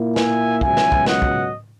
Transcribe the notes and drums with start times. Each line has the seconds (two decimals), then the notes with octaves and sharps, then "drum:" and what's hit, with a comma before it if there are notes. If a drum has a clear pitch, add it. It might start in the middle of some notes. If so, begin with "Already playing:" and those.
Already playing: A#2 A#3 E4
0.16 E5 G#5, drum: snare
0.61 C#2 B2 F#3 E5 G#5, drum: kick
0.77 drum: snare
0.92 drum: kick
1.06 D#5 F#5, drum: snare
1.22 drum: kick